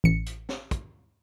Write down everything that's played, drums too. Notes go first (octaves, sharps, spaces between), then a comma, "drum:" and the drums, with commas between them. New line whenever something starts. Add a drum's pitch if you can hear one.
A1 C#7
drum: hi-hat
drum: snare
drum: kick, hi-hat